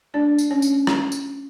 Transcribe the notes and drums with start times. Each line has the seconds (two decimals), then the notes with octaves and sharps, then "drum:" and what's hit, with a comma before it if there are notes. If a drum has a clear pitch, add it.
0.14 A3 D4 D5
0.39 D4, drum: tambourine
0.51 C#4 C#5
0.62 A3, drum: tambourine
0.87 drum: rim click
1.12 drum: tambourine